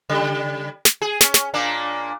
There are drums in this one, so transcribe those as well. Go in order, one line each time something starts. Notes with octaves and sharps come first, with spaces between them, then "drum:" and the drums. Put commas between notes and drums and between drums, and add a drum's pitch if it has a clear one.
C#3 G3
drum: snare
G#4
C#4, drum: snare
drum: snare
A#2 A#3 D4